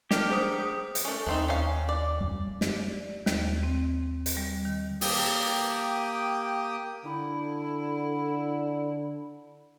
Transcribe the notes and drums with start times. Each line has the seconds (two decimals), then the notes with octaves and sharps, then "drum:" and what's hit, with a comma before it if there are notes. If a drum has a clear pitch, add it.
0.11 D4 G4 A#4 D5, drum: snare
0.30 G#4 C5 D#6
0.52 D#6
0.95 drum: hi-hat
1.05 A3 C#4
1.26 D#2 A3 C4 D#4
1.48 C#4 F5
1.89 D5
2.20 F#2 G3
2.61 G4, drum: snare
2.88 D5
3.26 D#2, drum: snare
3.63 C4
4.26 drum: hi-hat
4.37 G3
4.65 D#3
5.01 A#3 G4 G5 D#6, drum: open hi-hat
7.04 D3 E4